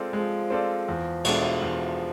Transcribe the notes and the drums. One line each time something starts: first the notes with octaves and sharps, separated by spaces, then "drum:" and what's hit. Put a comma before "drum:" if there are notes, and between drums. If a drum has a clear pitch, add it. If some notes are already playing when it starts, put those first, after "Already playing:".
Already playing: G#3 C4 F4 A4 D5
F3 G#3
C4 F4 A4 D5
E2
B2 G#3 D4 A4, drum: cymbal
E2